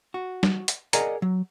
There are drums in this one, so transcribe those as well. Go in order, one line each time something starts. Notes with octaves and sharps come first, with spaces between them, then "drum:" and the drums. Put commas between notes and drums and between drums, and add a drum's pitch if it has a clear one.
F#4
drum: snare G3
drum: hi-hat
G#4 A#4 D5 D#5 F#5 A#5, drum: hi-hat
F#3